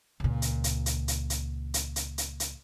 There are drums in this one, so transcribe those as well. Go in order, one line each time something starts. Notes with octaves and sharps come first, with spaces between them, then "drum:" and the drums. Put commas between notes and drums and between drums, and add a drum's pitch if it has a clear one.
C#2 A#2
drum: hi-hat
drum: hi-hat
drum: hi-hat
drum: hi-hat
drum: hi-hat
drum: hi-hat
drum: hi-hat
drum: hi-hat
drum: hi-hat